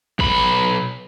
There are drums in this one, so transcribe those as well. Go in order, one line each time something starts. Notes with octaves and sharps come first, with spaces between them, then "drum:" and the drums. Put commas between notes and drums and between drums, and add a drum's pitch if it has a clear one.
B1 B5, drum: kick